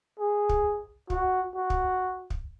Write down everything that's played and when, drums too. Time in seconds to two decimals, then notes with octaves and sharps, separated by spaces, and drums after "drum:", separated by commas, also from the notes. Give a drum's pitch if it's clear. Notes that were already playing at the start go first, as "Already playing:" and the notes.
0.20 G#4
0.49 drum: kick
1.10 F#4, drum: kick
1.55 F#4
1.70 drum: kick
2.30 drum: kick